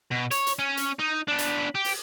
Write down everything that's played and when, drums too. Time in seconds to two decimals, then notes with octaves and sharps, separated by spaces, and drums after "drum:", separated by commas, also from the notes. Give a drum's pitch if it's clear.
0.12 B2
0.31 C#5, drum: hi-hat
0.47 drum: hi-hat
0.59 C#4
0.77 drum: hi-hat
1.00 D#4
1.28 B3 D4
1.39 drum: hi-hat
1.75 G4
1.84 drum: open hi-hat